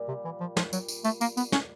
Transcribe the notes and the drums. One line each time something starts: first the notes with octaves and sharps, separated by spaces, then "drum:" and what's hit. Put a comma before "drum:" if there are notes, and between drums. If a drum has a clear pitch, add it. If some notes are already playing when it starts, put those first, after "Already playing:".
Already playing: A#2 G3
C3
E3
F3
F3, drum: snare
F#3, drum: tambourine
drum: tambourine
A3, drum: tambourine
A#3, drum: tambourine
B3, drum: tambourine
C#4, drum: snare